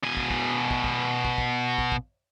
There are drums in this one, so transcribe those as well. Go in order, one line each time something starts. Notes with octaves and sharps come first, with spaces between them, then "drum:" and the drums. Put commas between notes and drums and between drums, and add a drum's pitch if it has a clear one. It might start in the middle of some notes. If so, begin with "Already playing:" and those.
B2 G#5
drum: kick
drum: kick
drum: kick
drum: kick
drum: kick
drum: kick
drum: kick
drum: kick